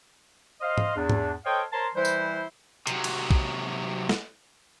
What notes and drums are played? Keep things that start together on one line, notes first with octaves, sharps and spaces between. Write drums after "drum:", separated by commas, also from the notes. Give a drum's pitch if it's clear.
C5 D#5 F5
drum: tom G#2
E2 D4
drum: tom G#2
A4 C5 C#5 D#5 F5 G5
A#4 C5 C#5 A5 A#5 C6
E3 G3 E4 B4 C5
drum: tambourine
C3 F#3, drum: hi-hat
drum: cymbal
drum: kick
drum: snare